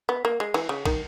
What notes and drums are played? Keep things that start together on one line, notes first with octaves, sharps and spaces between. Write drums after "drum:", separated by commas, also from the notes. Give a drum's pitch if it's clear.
B3
A#3
G#3
E3, drum: cymbal
C#3
D#3, drum: kick, cymbal